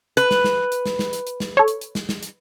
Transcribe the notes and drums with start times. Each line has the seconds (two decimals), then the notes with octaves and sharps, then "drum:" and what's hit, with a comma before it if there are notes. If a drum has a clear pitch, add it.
0.17 B4, drum: hi-hat
0.31 drum: snare
0.44 drum: snare
0.72 drum: hi-hat
0.86 drum: snare
0.99 drum: snare
1.13 drum: hi-hat
1.27 drum: hi-hat
1.40 drum: snare
1.57 A4 C#5
1.68 drum: hi-hat
1.81 drum: hi-hat
1.95 drum: snare
2.09 drum: snare
2.23 drum: hi-hat